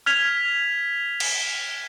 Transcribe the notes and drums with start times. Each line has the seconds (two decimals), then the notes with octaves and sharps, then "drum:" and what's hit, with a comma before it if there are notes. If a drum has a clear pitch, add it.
0.06 F6 G#6 B6 F7
1.20 drum: cymbal